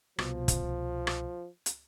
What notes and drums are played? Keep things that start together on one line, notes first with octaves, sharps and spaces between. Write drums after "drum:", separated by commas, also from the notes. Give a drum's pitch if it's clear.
C2 B2 F3, drum: rim click
drum: kick, hi-hat
drum: rim click
drum: hi-hat